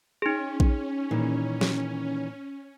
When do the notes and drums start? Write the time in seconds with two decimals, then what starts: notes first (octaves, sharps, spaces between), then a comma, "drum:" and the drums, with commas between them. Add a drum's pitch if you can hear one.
0.22 C#4 D#4 G#4
0.60 drum: kick A#1
1.11 A#2 D#3 E3
1.61 drum: snare